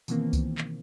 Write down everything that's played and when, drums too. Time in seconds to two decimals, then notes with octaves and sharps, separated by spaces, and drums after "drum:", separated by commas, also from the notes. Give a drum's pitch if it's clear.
0.08 B2 D#3 E3 A#3 C4, drum: tambourine
0.33 drum: kick C2, tambourine
0.58 drum: clap